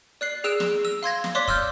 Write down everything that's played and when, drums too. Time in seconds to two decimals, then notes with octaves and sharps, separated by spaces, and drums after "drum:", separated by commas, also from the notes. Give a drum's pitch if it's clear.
0.21 D5 F#6 C7
0.44 G#4 E6 F#6 D7 E7
0.60 drum: snare
0.85 E6
1.03 F5 C6 G#6 A#6
1.24 drum: snare
1.35 C#5 D5 C6 D6 F#6 B6
1.48 C6 E6 F6 G6, drum: kick